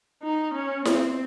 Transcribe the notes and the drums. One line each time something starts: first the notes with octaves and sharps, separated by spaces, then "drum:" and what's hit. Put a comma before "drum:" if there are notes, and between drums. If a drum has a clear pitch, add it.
D#4
C#4
C4, drum: snare E4